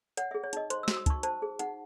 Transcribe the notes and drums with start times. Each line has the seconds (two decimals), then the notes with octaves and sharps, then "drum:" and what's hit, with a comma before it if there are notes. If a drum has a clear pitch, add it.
0.17 C#5 F#5, drum: hi-hat
0.31 G#4 E5
0.44 C#5
0.53 D#4 D#5, drum: hi-hat
0.70 C5 C6, drum: hi-hat
0.83 E6
0.88 F#4, drum: snare
0.93 E6
0.97 D#6
1.06 D#4 C#6, drum: kick, hi-hat
1.23 C5 A5, drum: hi-hat
1.42 G#4
1.59 D#4 F#5, drum: hi-hat